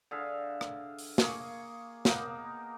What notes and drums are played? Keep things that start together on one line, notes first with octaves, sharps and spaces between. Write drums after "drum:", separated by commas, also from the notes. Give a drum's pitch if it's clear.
D3 G#4 E5 F5
drum: rim click
drum: open hi-hat
A#3 G#4 C#6, drum: snare
A#3 B3 D#4 A#4, drum: snare